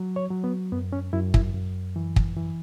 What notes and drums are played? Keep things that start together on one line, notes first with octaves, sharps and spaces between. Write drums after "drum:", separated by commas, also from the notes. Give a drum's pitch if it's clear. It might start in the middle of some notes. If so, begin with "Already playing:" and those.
Already playing: F#3
C#5
F#3
B3
F#2 B3
C#4
F#2 E4
E4, drum: kick
F#2
E3
drum: kick
E3